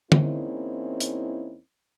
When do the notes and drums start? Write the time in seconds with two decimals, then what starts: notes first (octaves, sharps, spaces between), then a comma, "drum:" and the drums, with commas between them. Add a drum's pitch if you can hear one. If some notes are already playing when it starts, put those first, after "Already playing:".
0.12 E2 A#3 C4 C#4 D#4 E4, drum: tom
1.00 drum: hi-hat